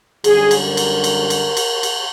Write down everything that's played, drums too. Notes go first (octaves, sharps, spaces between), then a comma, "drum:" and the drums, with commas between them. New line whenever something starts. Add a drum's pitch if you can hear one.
F#2 D3 G3 G#4, drum: cymbal
drum: cymbal
A#4
drum: cymbal
drum: cymbal
drum: cymbal
drum: cymbal
drum: cymbal